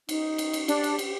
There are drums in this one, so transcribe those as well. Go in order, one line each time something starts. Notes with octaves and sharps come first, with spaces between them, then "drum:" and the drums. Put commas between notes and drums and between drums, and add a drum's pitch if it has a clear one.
D#4, drum: cymbal
drum: cymbal
drum: cymbal
D4 G4, drum: cymbal
drum: cymbal
drum: cymbal